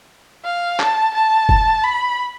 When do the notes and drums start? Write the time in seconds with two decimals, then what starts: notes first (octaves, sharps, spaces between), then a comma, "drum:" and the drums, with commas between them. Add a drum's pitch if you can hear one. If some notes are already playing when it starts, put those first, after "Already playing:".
0.45 F5
0.80 A5, drum: clap
1.14 A5
1.49 drum: kick F#1
1.83 B5